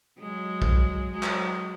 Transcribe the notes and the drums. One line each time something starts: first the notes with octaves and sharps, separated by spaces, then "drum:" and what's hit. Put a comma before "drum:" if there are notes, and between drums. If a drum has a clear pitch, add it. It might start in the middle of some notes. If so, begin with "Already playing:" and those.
F#3 G#3
drum: kick
F#3 G#3
drum: clap